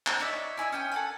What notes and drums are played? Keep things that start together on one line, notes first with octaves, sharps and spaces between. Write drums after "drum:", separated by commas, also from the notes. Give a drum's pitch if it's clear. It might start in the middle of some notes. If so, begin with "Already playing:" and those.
drum: clap
D#4 C#5 D5 E5
E4 G#4 D#5 E5
C#4 G5 D#6
A4 F#5 G#5